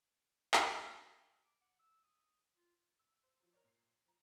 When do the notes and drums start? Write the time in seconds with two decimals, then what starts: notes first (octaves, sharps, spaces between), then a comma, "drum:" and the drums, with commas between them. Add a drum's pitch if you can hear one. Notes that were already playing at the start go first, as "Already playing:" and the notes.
0.54 drum: clap
1.44 D6
1.61 F#5
1.79 E6
2.03 D#6
2.56 F4
2.99 E6
3.23 C5
3.40 F3 F#3
3.53 A#4 C#5 D5
3.64 A#2 C7
4.06 F3 A#5